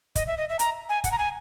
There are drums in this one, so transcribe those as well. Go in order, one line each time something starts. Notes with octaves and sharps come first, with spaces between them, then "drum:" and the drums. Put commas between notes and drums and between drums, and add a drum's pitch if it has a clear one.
D#5, drum: kick, hi-hat
E5
D#5
E5
A#5, drum: hi-hat
G#5
F#5, drum: kick, hi-hat
A#5
G#5